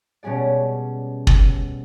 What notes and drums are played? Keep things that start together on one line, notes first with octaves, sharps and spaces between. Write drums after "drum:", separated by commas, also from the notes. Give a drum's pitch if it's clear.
B2 G3 C#4 G#4 D5
drum: kick